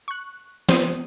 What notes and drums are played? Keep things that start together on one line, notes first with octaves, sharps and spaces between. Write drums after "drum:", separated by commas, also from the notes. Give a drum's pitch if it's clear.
C#6 F#6
B3 C4 C5 D#6 D#7, drum: snare